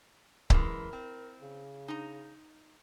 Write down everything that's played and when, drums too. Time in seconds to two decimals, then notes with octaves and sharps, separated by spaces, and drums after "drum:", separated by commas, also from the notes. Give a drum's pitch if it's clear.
0.50 F#2 E3 G#3 A#4, drum: kick C#1
0.93 C4
1.41 C#3
1.88 D#4 A#5